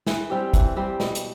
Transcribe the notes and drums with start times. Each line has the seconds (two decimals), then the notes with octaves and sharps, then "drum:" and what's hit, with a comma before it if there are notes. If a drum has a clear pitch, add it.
0.07 E3, drum: snare
0.30 G3 C4 G4
0.54 E3, drum: kick, hi-hat
0.76 G3 C4 G4
1.00 B2, drum: snare
1.15 drum: hi-hat